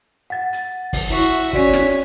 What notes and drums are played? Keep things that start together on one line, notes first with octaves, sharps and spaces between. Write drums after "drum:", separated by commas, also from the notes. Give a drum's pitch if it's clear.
F#5 A6
drum: hi-hat
drum: kick, open hi-hat
E4 F#4 E5
drum: hi-hat
C#4 F#4 D5 B6, drum: kick
drum: snare